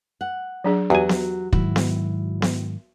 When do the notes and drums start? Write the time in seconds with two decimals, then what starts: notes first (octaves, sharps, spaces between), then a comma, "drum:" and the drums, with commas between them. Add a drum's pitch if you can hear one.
0.21 F#5
0.64 F#3 D4 G#4
0.90 E2 F#3 F#4 G4 G#5
1.09 drum: snare B3
1.53 G#2 D#3 F#3 E4 F#4, drum: kick
1.76 drum: snare B3
2.42 drum: snare B3